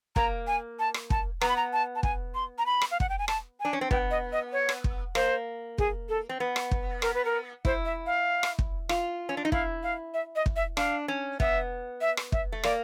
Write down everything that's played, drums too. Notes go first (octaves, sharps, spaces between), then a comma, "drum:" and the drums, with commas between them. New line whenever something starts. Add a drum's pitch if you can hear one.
A#3 A#5, drum: kick
G#5
A5
drum: rim click
A5, drum: kick
B3 A#5, drum: rim click
B5
A#5
A5
A5
G#5, drum: kick
C6
A#5
B5
drum: rim click
F5
F#5, drum: kick
G5
G#5
A5, drum: rim click
G#5
D4
C#4
C4
B3 G5, drum: kick
D#5
D#5
C#5
drum: rim click
drum: kick
A#3 C5, drum: rim click
G#4, drum: kick
A4
C4
B3
drum: rim click
drum: kick
A#4, drum: rim click
B4
A#4
E4 C5, drum: kick
E5
F5
drum: rim click
drum: kick
F4, drum: rim click
C#4
D4
D#4
E4 F5, drum: kick
F5
E5
D#5
drum: kick
E5
D4 F5, drum: rim click
C#4
B3 E5, drum: kick
E5
drum: rim click
E5, drum: kick
A3
A#3 D5, drum: rim click